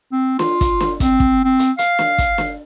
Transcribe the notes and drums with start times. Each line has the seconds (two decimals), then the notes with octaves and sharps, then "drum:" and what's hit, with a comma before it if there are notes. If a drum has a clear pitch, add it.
0.12 C4
0.39 F4, drum: snare
0.61 drum: kick, hi-hat
0.80 drum: snare
1.00 C4, drum: kick, hi-hat
1.20 drum: kick
1.45 C4
1.59 drum: hi-hat
1.79 F5, drum: hi-hat
1.99 drum: snare
2.18 drum: kick, hi-hat
2.38 drum: snare